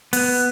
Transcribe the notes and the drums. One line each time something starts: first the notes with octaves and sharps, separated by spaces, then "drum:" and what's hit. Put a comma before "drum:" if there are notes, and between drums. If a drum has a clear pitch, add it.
B3, drum: open hi-hat